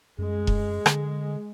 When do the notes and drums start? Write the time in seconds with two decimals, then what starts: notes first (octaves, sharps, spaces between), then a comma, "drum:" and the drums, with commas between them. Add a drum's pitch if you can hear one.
0.19 F#2 G#3
0.47 drum: kick E1
0.86 D3, drum: rim click